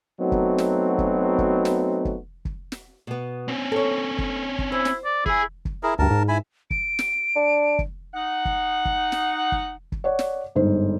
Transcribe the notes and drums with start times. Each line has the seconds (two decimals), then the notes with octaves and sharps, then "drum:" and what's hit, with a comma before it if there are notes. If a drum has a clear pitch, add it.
0.20 F#3 A3 B3 C4 D#4 F#4
0.32 drum: kick
0.58 drum: snare
0.98 drum: kick
1.38 drum: kick
1.65 drum: snare
2.05 drum: kick
2.45 drum: kick
2.72 drum: snare
3.07 B2 B3
3.48 C4 C#4
3.72 A4 C#5
4.19 drum: kick
4.59 drum: kick
4.72 E4 C5
4.85 drum: snare
5.05 D5
5.26 E4 G#4 G#5, drum: kick
5.65 drum: kick
5.83 E4 G#4 A#4
5.99 D2 G2 A#4 A5
6.11 G#2
6.28 E4 G#5 B5
6.71 D7, drum: kick
6.99 drum: snare
7.36 D4
7.79 drum: kick
8.14 D#4 F#5
8.45 drum: kick
8.85 drum: kick
9.12 drum: snare
9.52 drum: kick
9.92 drum: kick
10.04 C#5 D5 F#5
10.19 drum: snare
10.55 G1 G#2 C5